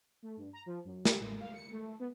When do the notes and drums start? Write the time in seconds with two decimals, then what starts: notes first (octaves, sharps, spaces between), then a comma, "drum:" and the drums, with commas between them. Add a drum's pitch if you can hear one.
0.23 A3
0.37 G2
0.53 A#5
0.66 F3
0.84 F#2
1.05 G3, drum: snare
1.20 A1
1.40 F5
1.54 C#7
1.71 A3
2.00 B3